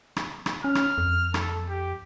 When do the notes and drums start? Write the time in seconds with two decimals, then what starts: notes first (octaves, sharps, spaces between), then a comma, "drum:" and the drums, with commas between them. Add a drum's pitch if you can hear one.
0.16 drum: rim click
0.46 drum: rim click
0.64 C#4 F6
0.75 drum: rim click
0.98 F2
1.34 A4, drum: rim click
1.69 G4